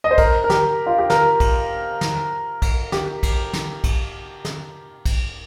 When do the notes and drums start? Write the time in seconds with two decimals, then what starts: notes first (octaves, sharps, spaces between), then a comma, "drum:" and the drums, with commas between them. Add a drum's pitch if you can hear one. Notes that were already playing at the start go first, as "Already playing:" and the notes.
0.04 D#5
0.11 C5
0.18 A#4, drum: kick, cymbal
0.44 A#4
0.50 G4, drum: snare
0.86 F4
0.98 G4
1.10 A#4, drum: snare
1.40 drum: kick, cymbal
2.01 drum: snare
2.62 drum: kick, cymbal
2.92 G4, drum: snare
3.23 drum: kick, cymbal
3.53 drum: snare
3.84 drum: kick, cymbal
4.45 drum: snare
5.06 drum: kick, cymbal